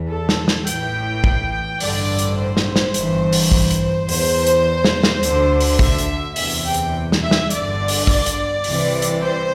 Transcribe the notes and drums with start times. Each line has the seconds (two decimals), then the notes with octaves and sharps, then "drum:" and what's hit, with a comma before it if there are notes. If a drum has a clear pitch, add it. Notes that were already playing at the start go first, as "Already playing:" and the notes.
Already playing: E2 E3
0.10 A4
0.29 drum: snare
0.48 drum: snare
0.67 A1 A2 E3 G5, drum: hi-hat
1.24 drum: kick
1.80 A1 G2 D3 D5, drum: open hi-hat
2.19 drum: hi-hat
2.37 C5
2.57 drum: snare
2.76 drum: snare
2.94 G1 G2 E3, drum: hi-hat
3.33 drum: open hi-hat
3.52 drum: kick
3.71 drum: hi-hat
4.09 E2 E3 C5, drum: open hi-hat
4.47 drum: hi-hat
4.84 drum: snare
5.03 drum: snare
5.23 D2 D3, drum: hi-hat
5.60 drum: open hi-hat
5.79 E5, drum: kick
5.98 drum: hi-hat
6.36 E2 C3 E3 E5, drum: open hi-hat
6.65 G5
6.74 drum: hi-hat
7.12 drum: snare
7.22 E5
7.31 drum: snare
7.50 G1 G2 D3 D5, drum: hi-hat
7.88 drum: open hi-hat
8.07 D5, drum: kick
8.26 drum: hi-hat
8.64 C2 C3 E3, drum: open hi-hat
9.02 drum: hi-hat
9.21 C5